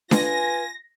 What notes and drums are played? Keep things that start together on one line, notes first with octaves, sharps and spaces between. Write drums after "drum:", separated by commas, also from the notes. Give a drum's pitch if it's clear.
F4 B4 G#5 A#6, drum: snare D4